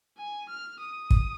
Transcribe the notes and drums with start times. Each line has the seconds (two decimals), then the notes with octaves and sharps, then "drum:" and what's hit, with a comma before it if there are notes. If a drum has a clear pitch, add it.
0.17 G#5
0.49 F6
0.80 D#6
1.10 drum: kick